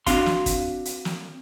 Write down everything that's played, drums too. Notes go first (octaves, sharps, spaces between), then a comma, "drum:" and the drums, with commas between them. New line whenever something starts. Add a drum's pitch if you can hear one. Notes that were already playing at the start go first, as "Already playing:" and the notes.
C4 D4 F#4 F5 C6, drum: kick, hi-hat
drum: snare
drum: kick, hi-hat
drum: hi-hat
drum: snare